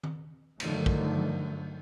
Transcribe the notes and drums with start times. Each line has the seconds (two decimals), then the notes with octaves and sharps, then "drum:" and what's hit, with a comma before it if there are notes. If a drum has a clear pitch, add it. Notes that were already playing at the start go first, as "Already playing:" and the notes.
0.03 drum: tom D#3
0.60 G2 D3 D#3 F3 F#3 A3, drum: cymbal
0.86 drum: kick